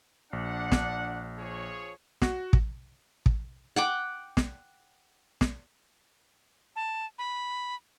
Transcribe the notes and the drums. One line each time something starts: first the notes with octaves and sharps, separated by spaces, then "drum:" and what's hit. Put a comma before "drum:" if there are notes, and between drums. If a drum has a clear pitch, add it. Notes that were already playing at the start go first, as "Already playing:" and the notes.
A#1 D4 F#5
drum: snare
F3 G#4 C#5
F#4, drum: snare
drum: kick
drum: kick
F#5 G5 D6
drum: snare
drum: snare
A5
B5